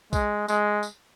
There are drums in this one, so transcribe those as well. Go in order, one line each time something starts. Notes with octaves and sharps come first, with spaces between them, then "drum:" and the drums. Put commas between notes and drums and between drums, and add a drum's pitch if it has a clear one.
G#3, drum: kick B1, tambourine
G#3, drum: tambourine
drum: tambourine